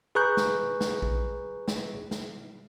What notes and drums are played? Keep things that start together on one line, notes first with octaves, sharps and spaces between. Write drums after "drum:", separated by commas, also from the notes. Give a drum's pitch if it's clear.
G#4 B4 A#5 C#6 F#6 G6
drum: snare
drum: snare
drum: kick A#1
drum: snare
drum: snare